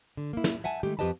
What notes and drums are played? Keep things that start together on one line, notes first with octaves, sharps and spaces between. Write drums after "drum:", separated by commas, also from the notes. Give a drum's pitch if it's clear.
D3
A#3 E4
drum: snare
E5 F#5 G#5 A5
D#3 G#3 A3 G4
F2 C3 G4 B4 D#5 A5